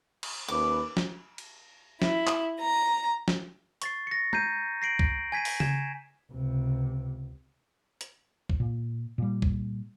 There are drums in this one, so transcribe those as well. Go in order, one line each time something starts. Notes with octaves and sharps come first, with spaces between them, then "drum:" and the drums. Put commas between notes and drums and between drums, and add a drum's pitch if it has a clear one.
drum: cymbal
D#2 C#4 B4 D6
drum: snare
drum: cymbal
E4, drum: snare
drum: clap
A#5
drum: snare
C#6 A6 C7, drum: hi-hat
A#6 C#7
A#5 G6 C7 D#7, drum: tom G#3
A#6 C7 D7 F#7
drum: kick
G#5 G#6 B6 C7 D#7
drum: open hi-hat
G#5 G#6 E7, drum: tom C#3
C#2 C3
drum: hi-hat
drum: kick
A#2
A#2 G3
drum: kick